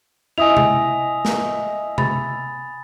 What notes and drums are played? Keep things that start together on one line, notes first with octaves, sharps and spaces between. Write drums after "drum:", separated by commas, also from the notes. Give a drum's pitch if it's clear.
E4 D#5 G#5 D#6 F7
drum: tom C3
drum: snare
B5 A6, drum: tom C3